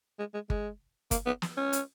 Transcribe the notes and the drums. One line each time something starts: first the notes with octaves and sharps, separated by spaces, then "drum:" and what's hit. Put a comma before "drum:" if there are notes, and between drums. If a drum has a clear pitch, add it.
G#3
G#3
G#3, drum: kick G1
A#3, drum: kick G1, hi-hat
B3
drum: snare
C#4
drum: hi-hat